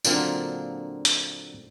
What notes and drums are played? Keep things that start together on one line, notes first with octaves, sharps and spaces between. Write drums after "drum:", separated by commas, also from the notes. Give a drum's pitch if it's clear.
A#2 D3 F#3 A#3 C4 F4, drum: tambourine
drum: hi-hat